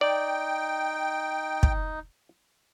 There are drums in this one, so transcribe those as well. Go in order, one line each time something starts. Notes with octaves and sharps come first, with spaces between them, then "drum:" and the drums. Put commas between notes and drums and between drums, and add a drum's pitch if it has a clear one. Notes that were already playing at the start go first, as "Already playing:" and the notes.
D#4 D5 G5
drum: kick